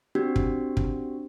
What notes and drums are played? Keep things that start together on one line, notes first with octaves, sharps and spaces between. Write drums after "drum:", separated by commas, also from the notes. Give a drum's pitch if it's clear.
C4 D4 F#4 G4
drum: kick
drum: kick